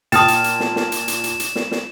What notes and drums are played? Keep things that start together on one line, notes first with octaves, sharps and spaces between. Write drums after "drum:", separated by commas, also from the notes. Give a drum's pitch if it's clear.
A#2 G5 A5 D#6 F6 A6 E7, drum: hi-hat
drum: hi-hat
drum: hi-hat
drum: snare
drum: snare
drum: hi-hat
drum: hi-hat
drum: hi-hat
drum: hi-hat
drum: snare
drum: snare